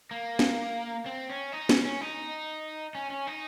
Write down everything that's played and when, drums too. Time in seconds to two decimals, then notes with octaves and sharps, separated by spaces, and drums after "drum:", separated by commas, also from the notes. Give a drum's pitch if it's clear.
0.11 A#3
0.39 drum: snare
1.06 C4
1.30 C#4
1.52 D#4
1.69 C#4, drum: snare
1.85 C#4
2.01 D#4
2.95 C#4
3.10 C#4
3.27 D#4